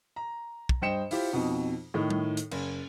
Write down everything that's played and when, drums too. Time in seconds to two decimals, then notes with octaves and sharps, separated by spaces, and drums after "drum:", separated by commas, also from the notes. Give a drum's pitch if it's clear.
0.16 A#5
0.69 drum: kick
0.82 G2 C5 D#5 G5 C#7 E7
1.11 E4 F4 G4 C5, drum: open hi-hat
1.33 F2 B2 D#4
1.94 A2 D#3 D#4
2.10 drum: tom G3
2.37 drum: hi-hat
2.51 F#1, drum: cymbal